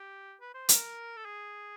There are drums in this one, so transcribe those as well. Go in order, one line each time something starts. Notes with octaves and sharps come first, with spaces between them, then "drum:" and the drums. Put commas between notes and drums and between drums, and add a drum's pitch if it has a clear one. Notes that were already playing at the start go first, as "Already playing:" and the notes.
Already playing: G4
B4
C5
A#4, drum: hi-hat
A4
G#4